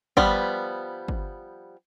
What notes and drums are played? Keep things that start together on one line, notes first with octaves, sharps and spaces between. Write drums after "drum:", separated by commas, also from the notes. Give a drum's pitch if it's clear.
F3 G3 B3, drum: kick
drum: kick